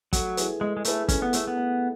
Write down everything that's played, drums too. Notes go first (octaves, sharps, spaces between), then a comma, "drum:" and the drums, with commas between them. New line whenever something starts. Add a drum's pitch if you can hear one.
F#3 A3, drum: kick, hi-hat
E4 G#4 B4, drum: hi-hat
G#3 A3
G#3
A3 E4 G#4 B4, drum: hi-hat
A3 C#4, drum: kick, hi-hat
B3
A3 E4 G#4 B4, drum: hi-hat
B3
A3